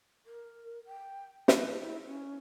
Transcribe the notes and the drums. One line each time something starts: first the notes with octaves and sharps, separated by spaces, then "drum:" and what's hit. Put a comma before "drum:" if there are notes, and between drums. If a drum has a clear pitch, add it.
A#4
G5
B4, drum: snare
E4
C#4